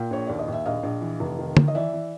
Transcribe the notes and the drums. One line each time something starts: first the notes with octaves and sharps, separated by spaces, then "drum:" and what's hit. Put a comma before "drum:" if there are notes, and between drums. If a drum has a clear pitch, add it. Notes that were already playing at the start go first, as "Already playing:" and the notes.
Already playing: A#2 F5 G5
A#1 C#5
D#2 D5
D#5
D#2 E5
A#1 D#5 F5
A#1
E3
F1
D#3
D#3, drum: tom
D#5
E3 D5 E5
E3